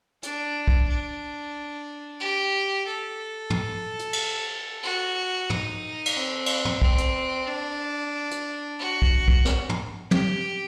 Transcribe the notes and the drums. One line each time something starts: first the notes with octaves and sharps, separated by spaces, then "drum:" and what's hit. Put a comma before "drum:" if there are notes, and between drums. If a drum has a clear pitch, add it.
D4, drum: hi-hat
drum: kick
D4
G4
A4
drum: tom
drum: hi-hat
drum: cymbal
F#4
D#4, drum: tom
drum: cymbal
C4
drum: cymbal
drum: tom
C4, drum: kick
drum: hi-hat
D4
drum: hi-hat
F#4
drum: kick
drum: kick
drum: snare
drum: tom
G4, drum: tom